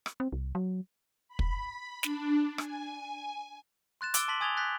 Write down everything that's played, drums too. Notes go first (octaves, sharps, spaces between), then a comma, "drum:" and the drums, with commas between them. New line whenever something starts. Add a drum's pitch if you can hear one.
drum: rim click
C4
C2
F#3
B5
drum: kick
D4, drum: snare
G#5, drum: rim click
C6 F#6 A6 E7
D6 E6 D7 G7, drum: hi-hat
A5 C6 A6 B6 F#7
G#5 D#6 G#6 A6 F7 G7
F#6 G6 A6 B6